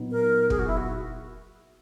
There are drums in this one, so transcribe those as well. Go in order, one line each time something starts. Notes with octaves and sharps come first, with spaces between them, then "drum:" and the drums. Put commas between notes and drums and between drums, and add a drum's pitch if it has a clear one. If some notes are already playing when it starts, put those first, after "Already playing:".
Already playing: A#2 F#3 B3 D#4
A#4
G#4, drum: kick
F#4
E4
F#4